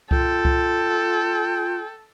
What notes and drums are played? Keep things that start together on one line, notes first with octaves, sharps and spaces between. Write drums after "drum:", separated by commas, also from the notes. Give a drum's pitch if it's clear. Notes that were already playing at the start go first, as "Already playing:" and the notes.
F4 A4 G5, drum: kick C2
drum: kick C2